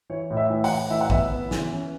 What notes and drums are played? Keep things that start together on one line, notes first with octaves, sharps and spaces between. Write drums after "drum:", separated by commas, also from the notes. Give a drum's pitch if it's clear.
E3 C#5
A2
E5
E3
F#5, drum: open hi-hat
A2
E3 E5
F#5
B3 E5, drum: kick
B3
E3, drum: snare
C#4